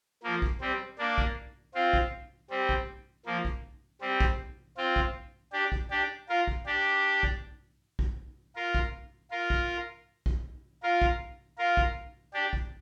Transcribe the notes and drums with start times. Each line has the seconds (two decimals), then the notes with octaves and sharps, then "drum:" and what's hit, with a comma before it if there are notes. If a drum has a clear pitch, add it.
0.23 F3 A#3
0.42 drum: kick B1
0.61 G3 C4
0.99 A#3 D4
1.18 drum: kick B1
1.75 C4 F4
1.93 drum: kick B1
2.50 G3 C4
2.69 drum: kick B1
3.26 F3 A#3
3.45 drum: kick B1
4.01 G3 C4
4.20 drum: kick B1
4.77 C4 F4
4.96 drum: kick B1
5.53 D4 G4
5.72 drum: kick B1
5.91 D4 G4
6.29 F4 A#4
6.48 drum: kick B1
6.66 D4 G4
7.23 drum: kick B1
7.99 drum: kick B1
8.56 F4 A#4
8.75 drum: kick B1
9.31 F4 A#4
9.50 drum: kick B1
10.26 drum: kick B1
10.83 F4 A#4
11.02 drum: kick B1
11.58 F4 A#4
11.77 drum: kick B1
12.34 D4 G4
12.53 drum: kick B1